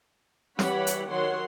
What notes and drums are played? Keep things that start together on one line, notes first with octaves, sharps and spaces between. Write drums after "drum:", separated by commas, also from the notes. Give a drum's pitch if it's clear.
E3 G3 G4 C#5 F#5 B5, drum: snare
drum: hi-hat
D#3 F#3 C#5 F#5 C6